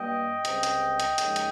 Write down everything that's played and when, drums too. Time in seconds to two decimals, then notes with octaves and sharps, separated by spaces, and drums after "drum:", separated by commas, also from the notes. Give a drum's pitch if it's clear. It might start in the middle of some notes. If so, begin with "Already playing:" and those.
Already playing: G2 G3 A#3 D#5 G5
0.45 C#2 C3 G3 C#4, drum: hi-hat
0.63 drum: hi-hat
1.00 drum: hi-hat
1.18 D#2 C#3 F3 G#3 C#4, drum: hi-hat
1.36 drum: hi-hat